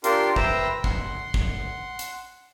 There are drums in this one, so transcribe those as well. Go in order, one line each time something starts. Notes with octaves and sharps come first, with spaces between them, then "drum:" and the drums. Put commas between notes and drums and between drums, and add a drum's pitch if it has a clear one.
D4 F4 G4 A#4 C6, drum: hi-hat
B4 C5 E5 G5 A#5, drum: kick
F#5 C6, drum: kick
drum: kick
drum: hi-hat